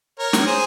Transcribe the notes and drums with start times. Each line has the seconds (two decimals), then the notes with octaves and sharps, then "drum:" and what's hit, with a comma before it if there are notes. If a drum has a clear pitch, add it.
0.19 A#4 C#5
0.33 drum: snare
0.47 G#4 C5